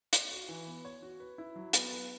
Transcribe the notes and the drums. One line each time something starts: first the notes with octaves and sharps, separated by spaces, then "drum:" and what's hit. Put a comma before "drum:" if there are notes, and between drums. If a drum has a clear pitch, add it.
C#5, drum: hi-hat
F#4
E3
B3
C#5
F#4
B4
E4
F#3
B3, drum: hi-hat
B4